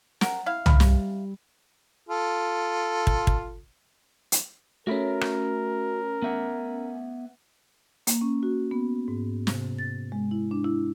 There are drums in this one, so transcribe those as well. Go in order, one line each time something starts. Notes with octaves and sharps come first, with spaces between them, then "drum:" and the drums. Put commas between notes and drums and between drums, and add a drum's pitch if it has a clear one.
A#4 F#5, drum: snare
E4 F5
B5 F6, drum: tom C2
G3, drum: snare
F4 A4
drum: kick
drum: kick
drum: hi-hat
A3 C#4 F#4 A#4 E5 B5
drum: rim click
B3 E5 F#5
A#3, drum: hi-hat
C#4
F#4
B3
G#2
C3, drum: snare
A6
G#3
E4
D4
E4